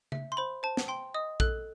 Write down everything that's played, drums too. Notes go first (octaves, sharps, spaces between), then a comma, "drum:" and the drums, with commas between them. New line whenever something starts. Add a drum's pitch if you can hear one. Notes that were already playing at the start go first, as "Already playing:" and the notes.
E5, drum: tom C#3
C6
C5 B5
C5 A5
drum: snare
G5 C6
D#5 D#6
A4 F#6, drum: kick A#1